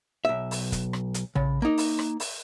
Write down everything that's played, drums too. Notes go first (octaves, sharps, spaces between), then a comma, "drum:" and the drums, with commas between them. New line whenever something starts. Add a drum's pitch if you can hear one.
B1 E5
drum: open hi-hat
drum: kick, hi-hat
drum: rim click
drum: hi-hat
C#3, drum: tom A#1
A#3 D#4
drum: open hi-hat
drum: rim click
drum: open hi-hat